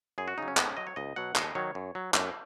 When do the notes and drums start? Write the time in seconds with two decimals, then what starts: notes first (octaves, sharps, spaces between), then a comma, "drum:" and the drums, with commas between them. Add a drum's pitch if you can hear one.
0.18 F#2 G#4
0.28 F#4
0.38 C#3 F#3 D#4
0.48 C#4
0.57 G#2 B3, drum: clap
0.67 C#4
0.77 F#3 D#5
0.87 C#5
0.96 C#2 D#5
1.16 B2 F#3 F#5
1.36 D#2 D#5, drum: clap
1.55 D#3 F#3 C#5
1.75 F#2
1.95 F#3
2.14 F#2, drum: clap